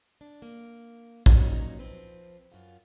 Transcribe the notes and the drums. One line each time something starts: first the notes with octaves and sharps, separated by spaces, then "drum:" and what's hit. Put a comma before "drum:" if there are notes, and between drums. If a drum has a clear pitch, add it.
D4
A#3
A#2 F#3 C#4 D#4, drum: kick A#1
F3 C4 B4
F#2 F4